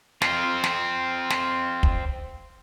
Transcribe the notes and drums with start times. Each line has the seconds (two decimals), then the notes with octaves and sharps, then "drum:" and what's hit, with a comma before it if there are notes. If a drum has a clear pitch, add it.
0.22 C4 F4, drum: snare
0.64 drum: snare
1.30 drum: snare
1.83 drum: kick